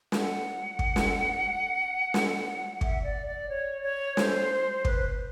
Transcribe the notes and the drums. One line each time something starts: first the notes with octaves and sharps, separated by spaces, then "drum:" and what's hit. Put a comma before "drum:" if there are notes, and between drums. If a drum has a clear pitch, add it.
F#5, drum: snare
drum: kick
drum: snare
drum: snare
E5, drum: kick
D5
D5
C#5
C#5
C5, drum: snare
B4, drum: kick
B4